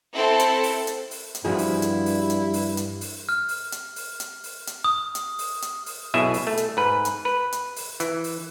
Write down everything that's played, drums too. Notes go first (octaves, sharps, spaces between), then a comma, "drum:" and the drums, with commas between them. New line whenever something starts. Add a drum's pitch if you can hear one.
C4 E4 A4
drum: hi-hat
drum: open hi-hat
drum: hi-hat
drum: open hi-hat
drum: hi-hat
G2 F3 E4 F#4 G#4
drum: open hi-hat
drum: hi-hat
drum: open hi-hat
drum: hi-hat
drum: open hi-hat
drum: hi-hat
drum: open hi-hat
F6
drum: open hi-hat
drum: hi-hat
drum: open hi-hat
drum: hi-hat
drum: open hi-hat
drum: hi-hat
D#6
drum: hi-hat
drum: open hi-hat
drum: hi-hat
drum: open hi-hat
B1 B2 E4 G#4 E5
drum: open hi-hat
A3
drum: hi-hat
G#2 B4
drum: hi-hat
B4
drum: hi-hat
drum: open hi-hat
E3, drum: hi-hat
drum: open hi-hat